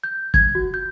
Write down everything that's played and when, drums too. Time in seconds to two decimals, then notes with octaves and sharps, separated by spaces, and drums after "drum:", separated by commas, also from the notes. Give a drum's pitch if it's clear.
0.03 G6
0.34 G#6, drum: kick
0.55 F#4
0.74 G6